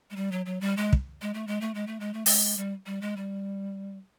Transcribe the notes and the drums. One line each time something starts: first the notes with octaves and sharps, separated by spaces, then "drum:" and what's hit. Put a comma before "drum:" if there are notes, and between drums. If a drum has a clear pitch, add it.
G#3
G3
F#3
F#3
G3
G#3
drum: kick
G#3
A3
G#3
A3
G#3
A3
G#3
A3
G#3, drum: open hi-hat
G3
G3
G#3
G3